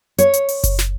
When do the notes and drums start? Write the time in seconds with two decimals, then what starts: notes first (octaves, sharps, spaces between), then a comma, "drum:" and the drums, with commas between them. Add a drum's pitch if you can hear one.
0.18 C#5, drum: hi-hat
0.33 drum: hi-hat
0.49 drum: open hi-hat
0.64 drum: kick F#1, hi-hat
0.79 drum: snare